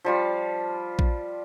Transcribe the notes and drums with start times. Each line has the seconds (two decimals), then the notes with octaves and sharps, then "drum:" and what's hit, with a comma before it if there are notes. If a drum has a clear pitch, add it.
0.04 F3 G3 F4
0.99 drum: kick A#1